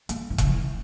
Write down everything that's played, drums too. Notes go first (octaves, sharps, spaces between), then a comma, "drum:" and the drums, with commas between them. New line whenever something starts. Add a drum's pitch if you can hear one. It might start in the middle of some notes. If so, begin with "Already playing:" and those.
A#3, drum: hi-hat
E3
C#3, drum: kick E1, hi-hat
F3
E3